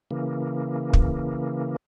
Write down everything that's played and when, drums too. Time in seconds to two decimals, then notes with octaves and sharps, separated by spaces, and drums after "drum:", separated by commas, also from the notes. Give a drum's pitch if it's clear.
0.11 C#3 E3 A#3
0.93 drum: kick